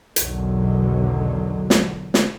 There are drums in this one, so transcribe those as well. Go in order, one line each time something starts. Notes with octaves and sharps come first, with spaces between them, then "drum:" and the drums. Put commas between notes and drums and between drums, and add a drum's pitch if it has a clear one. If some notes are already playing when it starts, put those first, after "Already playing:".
B1 E2 B2 D3 D#3 F#3, drum: hi-hat
drum: snare
drum: snare